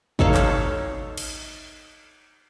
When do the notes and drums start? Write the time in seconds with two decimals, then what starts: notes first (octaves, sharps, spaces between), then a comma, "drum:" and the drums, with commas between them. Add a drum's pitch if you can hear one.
0.19 D#4 A4 C#5 F5, drum: kick G#1
0.34 drum: clap
1.18 drum: cymbal